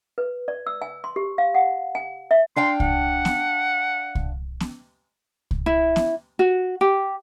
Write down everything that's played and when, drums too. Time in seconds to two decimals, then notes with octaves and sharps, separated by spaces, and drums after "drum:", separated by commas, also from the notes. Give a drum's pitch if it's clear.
0.18 B4
0.48 D5
0.67 E6
0.82 G#5
1.04 C6
1.16 G4
1.38 F5
1.54 F#5
1.95 G#5
2.31 E5
2.56 D4 F5 G5 C6
2.80 F#5, drum: kick C2
3.25 drum: snare
4.15 drum: kick C2
4.60 drum: snare
5.51 drum: kick C2
5.66 E4
5.96 drum: snare
6.39 F#4
6.81 G4